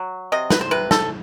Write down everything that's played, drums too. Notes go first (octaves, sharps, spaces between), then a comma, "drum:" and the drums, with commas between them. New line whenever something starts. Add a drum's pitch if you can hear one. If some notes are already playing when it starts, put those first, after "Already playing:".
Already playing: F#3
C3 D#5
B4, drum: snare
C5
C3 B4
A4, drum: snare